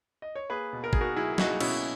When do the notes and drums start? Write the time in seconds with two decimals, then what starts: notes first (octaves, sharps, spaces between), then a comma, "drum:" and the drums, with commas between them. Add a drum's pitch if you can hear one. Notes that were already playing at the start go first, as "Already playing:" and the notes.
0.22 D#5
0.35 C#5
0.50 A#3 G#4 B4
0.73 B2
0.84 A#4
0.93 B2 G#4, drum: kick
1.01 F#4 A#4
1.16 F#3 E4 G#4
1.33 G#4
1.38 A#3 D#4 F#4, drum: snare
1.60 B2 C#4 E4, drum: cymbal